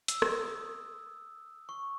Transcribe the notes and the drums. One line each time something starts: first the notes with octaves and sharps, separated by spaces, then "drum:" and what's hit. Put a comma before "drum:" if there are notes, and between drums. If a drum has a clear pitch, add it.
E6, drum: hi-hat
drum: rim click
D#6
C#6